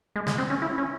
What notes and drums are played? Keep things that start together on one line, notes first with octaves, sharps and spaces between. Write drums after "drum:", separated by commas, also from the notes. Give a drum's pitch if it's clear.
G#3
G#3, drum: snare
C4
C#4
E4
C#4